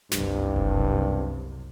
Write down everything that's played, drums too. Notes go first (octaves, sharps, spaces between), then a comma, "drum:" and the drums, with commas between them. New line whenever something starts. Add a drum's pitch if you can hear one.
F#1 C2 G2 C3, drum: snare
drum: kick F1